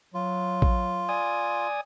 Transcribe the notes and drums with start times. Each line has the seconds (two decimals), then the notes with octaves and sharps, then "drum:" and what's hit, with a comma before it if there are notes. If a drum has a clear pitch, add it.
0.14 F#3 F4
0.62 drum: kick A1
1.09 D5 G#5 D#6